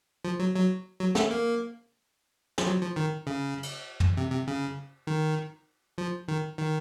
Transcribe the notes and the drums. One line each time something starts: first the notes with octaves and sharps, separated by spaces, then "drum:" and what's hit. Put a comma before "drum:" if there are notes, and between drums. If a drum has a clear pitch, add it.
F3
F#3
F#3
F#3
A3, drum: snare
A#3
F3, drum: snare
F#3
F3
D#3
C#3
drum: cymbal
drum: tom
C3
C3
C#3
D#3
F3
D#3
D#3